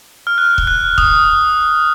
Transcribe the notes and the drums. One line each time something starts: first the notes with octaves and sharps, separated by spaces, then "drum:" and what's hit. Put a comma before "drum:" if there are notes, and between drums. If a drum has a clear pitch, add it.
F6
F#6
drum: kick C#1
F#6
D#6, drum: kick C#1